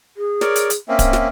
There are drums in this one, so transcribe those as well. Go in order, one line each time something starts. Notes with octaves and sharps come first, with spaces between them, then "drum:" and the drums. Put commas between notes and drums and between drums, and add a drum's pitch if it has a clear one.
G#4
A#4 C#5 D5, drum: snare
drum: hi-hat
drum: hi-hat
A#3 C4 C#4 E5
drum: kick D1, hi-hat
drum: snare